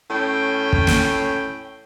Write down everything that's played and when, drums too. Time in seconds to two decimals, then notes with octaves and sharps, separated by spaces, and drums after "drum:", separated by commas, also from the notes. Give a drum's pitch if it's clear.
0.11 A2 C#4 G5
0.73 drum: kick
0.87 drum: snare